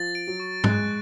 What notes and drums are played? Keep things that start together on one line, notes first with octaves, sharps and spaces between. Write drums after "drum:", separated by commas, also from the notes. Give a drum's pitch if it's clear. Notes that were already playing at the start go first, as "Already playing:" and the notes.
Already playing: F3 A6
D7
F#3
C#6
G#3 F#6, drum: tom